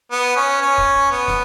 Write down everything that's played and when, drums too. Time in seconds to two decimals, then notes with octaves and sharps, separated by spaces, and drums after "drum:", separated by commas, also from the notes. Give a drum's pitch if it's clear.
0.12 B3
0.36 C#4
0.61 C#4
0.78 drum: kick
1.11 B3
1.28 drum: snare